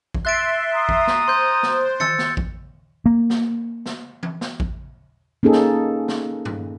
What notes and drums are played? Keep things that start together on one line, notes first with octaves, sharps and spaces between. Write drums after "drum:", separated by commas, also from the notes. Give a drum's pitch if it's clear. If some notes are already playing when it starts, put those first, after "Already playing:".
drum: kick A1
E5 C6 F#6 A6 D7
A#5 D#6
drum: kick A1
drum: snare
C5 C6 G6
drum: snare
E6 A6 C#7, drum: tom D#3
drum: snare
drum: kick A1
A#3
drum: snare
drum: snare
drum: tom E3
drum: snare
drum: kick A1
A#3 C#4 D#4 G#4 A4
drum: snare
drum: snare
drum: tom G2